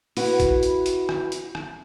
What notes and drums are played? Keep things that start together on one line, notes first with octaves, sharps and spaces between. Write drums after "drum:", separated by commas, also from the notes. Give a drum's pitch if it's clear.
E4 F#4 B4, drum: open hi-hat
drum: kick, hi-hat
drum: hi-hat
drum: hi-hat
drum: rim click
drum: hi-hat
drum: rim click